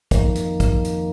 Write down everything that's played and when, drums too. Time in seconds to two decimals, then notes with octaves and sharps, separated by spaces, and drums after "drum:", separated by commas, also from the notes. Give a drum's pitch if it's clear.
0.11 F2 D#3 A#3, drum: kick, hi-hat
0.35 drum: hi-hat
0.60 drum: kick, hi-hat
0.85 drum: hi-hat